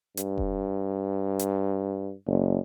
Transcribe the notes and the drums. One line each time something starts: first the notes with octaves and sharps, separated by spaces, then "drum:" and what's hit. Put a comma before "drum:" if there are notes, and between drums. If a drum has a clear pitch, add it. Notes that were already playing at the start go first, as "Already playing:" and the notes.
G2, drum: hi-hat
drum: kick F1
drum: hi-hat
F#1